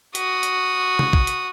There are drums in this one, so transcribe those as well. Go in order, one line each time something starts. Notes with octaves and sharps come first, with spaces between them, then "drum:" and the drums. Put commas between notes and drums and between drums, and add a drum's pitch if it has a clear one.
F#4 D#6, drum: hi-hat
drum: hi-hat
drum: tom C3
drum: kick
drum: hi-hat